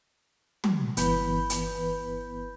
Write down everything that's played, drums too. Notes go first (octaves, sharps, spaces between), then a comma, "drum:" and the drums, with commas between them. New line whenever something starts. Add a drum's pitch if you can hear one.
drum: tom
G1 E3 B3 B4 B5 G6, drum: hi-hat
drum: hi-hat